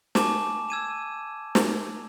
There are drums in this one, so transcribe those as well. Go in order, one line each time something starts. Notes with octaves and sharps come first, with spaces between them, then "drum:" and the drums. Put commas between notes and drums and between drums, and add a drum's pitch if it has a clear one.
G#5 A5 C#6 D6 E7, drum: snare
E6 G#6 D#7 E7
drum: snare